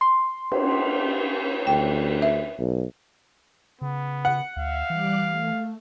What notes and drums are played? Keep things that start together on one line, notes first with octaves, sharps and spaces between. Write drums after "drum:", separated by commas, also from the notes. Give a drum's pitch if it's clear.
C6
drum: cymbal
D2 G5
E5
B1
C#3 B3
F#5
D2 E5 F5
E3 G3 D6 F#6
A3